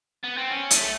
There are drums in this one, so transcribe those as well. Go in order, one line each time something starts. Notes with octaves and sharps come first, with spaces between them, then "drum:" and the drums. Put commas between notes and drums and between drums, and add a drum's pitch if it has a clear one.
B3
C4
C#4
A3, drum: hi-hat